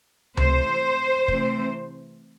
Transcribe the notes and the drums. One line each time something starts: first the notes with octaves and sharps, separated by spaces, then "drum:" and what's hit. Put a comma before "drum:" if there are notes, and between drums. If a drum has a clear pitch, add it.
C3 E3 A3 C5, drum: tom C#2
C3 E3 A3 C4, drum: kick